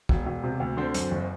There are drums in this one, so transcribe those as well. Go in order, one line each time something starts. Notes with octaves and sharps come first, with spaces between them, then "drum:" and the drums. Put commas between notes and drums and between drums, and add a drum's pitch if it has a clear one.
E1, drum: kick
E1
C3
D2
D3 C4 C5
F#2, drum: hi-hat
F#1